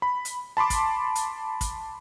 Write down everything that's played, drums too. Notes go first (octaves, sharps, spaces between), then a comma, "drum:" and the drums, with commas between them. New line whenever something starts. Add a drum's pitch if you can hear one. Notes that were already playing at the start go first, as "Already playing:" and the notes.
B5
drum: hi-hat
A5 B5 C6 D6
drum: kick, hi-hat
drum: hi-hat
drum: kick, hi-hat